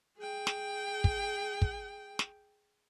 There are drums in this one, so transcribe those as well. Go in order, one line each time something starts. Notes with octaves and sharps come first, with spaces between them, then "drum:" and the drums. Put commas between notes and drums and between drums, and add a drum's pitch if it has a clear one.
G#4 G5
drum: snare
drum: kick
drum: kick
drum: snare